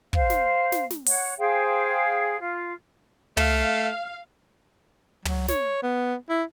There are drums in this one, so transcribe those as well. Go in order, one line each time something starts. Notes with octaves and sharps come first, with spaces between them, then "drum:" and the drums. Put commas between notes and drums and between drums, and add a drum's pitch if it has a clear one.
C5 F5, drum: kick
drum: snare
drum: snare
drum: snare
C#5 F#5, drum: open hi-hat
G#4 C5 F5 G5
F4
A3 F5, drum: tom
F#3, drum: tom
C#5, drum: snare
B3
E4